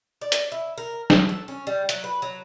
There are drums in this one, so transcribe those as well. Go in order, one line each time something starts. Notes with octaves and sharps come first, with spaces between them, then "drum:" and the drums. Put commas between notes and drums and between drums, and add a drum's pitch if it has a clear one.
D5
drum: hi-hat
E4
A#4
F#3, drum: snare
A4
C#4
G3
F#3, drum: hi-hat
B4
F#3